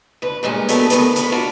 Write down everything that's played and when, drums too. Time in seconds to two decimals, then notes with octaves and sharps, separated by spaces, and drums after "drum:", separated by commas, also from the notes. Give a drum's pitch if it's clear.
0.22 D2 B4
0.43 G2 A#2 G#3 C#4
0.69 F#3 A3 B3 D4 D#4 A#4, drum: hi-hat
0.90 D2 C#3 A3 B3 A#4 B4, drum: hi-hat
1.16 A2 B4, drum: hi-hat
1.32 D4 F4 F#4